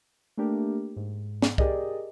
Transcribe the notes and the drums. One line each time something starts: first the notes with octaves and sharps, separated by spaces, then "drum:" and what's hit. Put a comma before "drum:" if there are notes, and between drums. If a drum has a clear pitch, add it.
A3 A#3 D4 G4 A#4
G#2
drum: snare
G4 G#4 A#4 D5 D#5, drum: kick